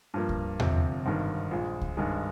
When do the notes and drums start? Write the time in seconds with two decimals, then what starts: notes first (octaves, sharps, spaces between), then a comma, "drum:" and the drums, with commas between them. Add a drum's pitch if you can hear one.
0.14 G2 F3 A#3
0.29 drum: kick C#2
0.60 G1 F2 C3, drum: tom E2
1.06 G#1 G2 D#3
1.51 A#1 A#2 G#3
1.81 drum: kick C#2
1.97 G#1 G2 D#3 G#3